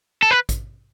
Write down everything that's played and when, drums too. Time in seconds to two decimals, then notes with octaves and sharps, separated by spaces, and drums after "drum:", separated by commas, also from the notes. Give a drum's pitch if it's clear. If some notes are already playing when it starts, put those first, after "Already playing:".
0.22 A4
0.31 B4
0.49 drum: kick A1, hi-hat